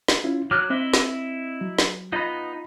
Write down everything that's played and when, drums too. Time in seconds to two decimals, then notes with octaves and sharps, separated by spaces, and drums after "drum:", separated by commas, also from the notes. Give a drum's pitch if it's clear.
0.08 drum: snare
0.24 C#4 E4 F4
0.51 F#3 D6 F6 F#6
0.70 C4 E4 D#5 E5
0.94 drum: snare
1.61 F#3
1.79 drum: snare
2.12 B3 D#4 F4 D#5 B5